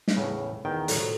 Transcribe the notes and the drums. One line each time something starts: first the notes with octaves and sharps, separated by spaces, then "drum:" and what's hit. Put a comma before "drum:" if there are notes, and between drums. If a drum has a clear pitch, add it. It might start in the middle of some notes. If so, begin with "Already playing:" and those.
drum: snare
E2 A2 C#3
E2 D#3 G5
A2 F3 F#3, drum: hi-hat